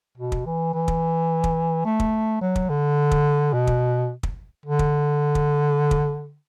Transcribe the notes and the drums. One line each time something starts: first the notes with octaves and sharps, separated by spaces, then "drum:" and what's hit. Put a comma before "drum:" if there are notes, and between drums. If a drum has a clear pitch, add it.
B2
drum: kick
E3
E3
drum: kick
drum: kick
A3
drum: kick
F#3
drum: kick
D3
drum: kick
B2
drum: kick
drum: kick
D3
drum: kick
drum: kick
drum: kick